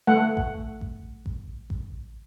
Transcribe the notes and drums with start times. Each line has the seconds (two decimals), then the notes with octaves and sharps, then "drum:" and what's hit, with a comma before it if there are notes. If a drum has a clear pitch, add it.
0.07 A3 F#5
0.37 drum: kick A1
0.81 drum: kick A1
1.26 drum: kick A1
1.70 drum: kick A1